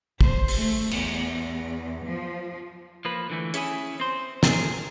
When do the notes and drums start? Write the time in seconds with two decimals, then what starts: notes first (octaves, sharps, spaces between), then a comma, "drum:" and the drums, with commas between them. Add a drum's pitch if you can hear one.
0.21 C5, drum: kick
0.48 drum: open hi-hat
0.58 A3
0.91 E2, drum: cymbal
2.05 F3
3.05 F3 A#3 B4
3.30 D3 E3 A3
3.54 C#4 E4 G4 G#4, drum: hi-hat
4.00 C4 C5
4.43 G#4 A#4, drum: snare